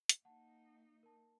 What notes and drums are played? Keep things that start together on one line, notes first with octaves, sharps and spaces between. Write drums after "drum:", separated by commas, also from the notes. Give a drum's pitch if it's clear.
drum: hi-hat
A#3 D#4 F#5 A5
A#4 A5